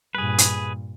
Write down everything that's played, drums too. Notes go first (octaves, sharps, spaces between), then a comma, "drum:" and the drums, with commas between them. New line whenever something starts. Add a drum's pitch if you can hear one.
G2 A#2 G#4 B4
drum: hi-hat